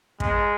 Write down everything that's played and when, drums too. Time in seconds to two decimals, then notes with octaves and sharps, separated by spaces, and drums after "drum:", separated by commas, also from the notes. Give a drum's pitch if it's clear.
0.20 G#3, drum: kick